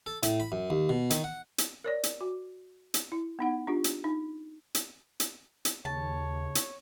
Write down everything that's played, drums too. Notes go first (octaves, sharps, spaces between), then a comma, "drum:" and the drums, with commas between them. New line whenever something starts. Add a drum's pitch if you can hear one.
A4
A2, drum: hi-hat
B5
F#2
D#2
B2
D#3, drum: hi-hat
F#5
drum: hi-hat
A#4 C#5 D5
drum: hi-hat
F#4
drum: hi-hat
E4
B3 D#4 F#5
D4 F4 G4
drum: hi-hat
D#4
drum: hi-hat
drum: hi-hat
drum: hi-hat
D#2 C#3 C#5 A5
drum: hi-hat